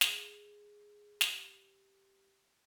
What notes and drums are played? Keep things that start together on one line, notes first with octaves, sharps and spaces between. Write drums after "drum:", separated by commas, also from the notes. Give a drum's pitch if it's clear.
G#4, drum: snare
G4, drum: snare